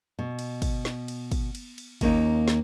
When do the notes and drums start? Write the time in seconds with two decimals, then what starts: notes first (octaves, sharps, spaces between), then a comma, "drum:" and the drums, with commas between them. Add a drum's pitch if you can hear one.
0.19 B2
0.39 drum: cymbal
0.62 drum: kick, cymbal
0.85 drum: snare
1.08 drum: cymbal
1.31 drum: kick, cymbal
1.55 drum: cymbal
1.78 drum: cymbal
2.01 D#2 A#3 C#4 D#4, drum: kick, cymbal
2.48 drum: snare